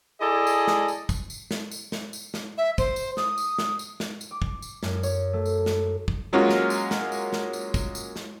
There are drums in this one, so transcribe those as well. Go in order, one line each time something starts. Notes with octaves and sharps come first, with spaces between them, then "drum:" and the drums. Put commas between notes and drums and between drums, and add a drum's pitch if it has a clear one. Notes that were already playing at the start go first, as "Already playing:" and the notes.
E4 G#4 A4 D5 D#5
drum: tambourine
drum: snare
drum: tambourine
drum: kick, tambourine
drum: tambourine
drum: snare
drum: tambourine
drum: snare
drum: tambourine
drum: snare
E5
C5, drum: kick, tambourine
drum: tambourine
D#6, drum: snare
drum: tambourine
drum: snare
drum: tambourine
drum: snare
drum: tambourine
D6
drum: kick
drum: tambourine
F#2, drum: snare
C#5, drum: tambourine
A3
drum: tambourine
drum: snare
drum: kick
F#3 G#3 A#3 C#4 F4 F#4
drum: snare
drum: tambourine
drum: snare
drum: tambourine
drum: snare
drum: tambourine
drum: kick, tambourine
drum: tambourine
drum: snare